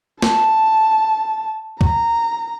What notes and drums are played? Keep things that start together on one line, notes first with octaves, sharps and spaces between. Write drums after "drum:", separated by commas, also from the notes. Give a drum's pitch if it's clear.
A5, drum: snare
A#5, drum: kick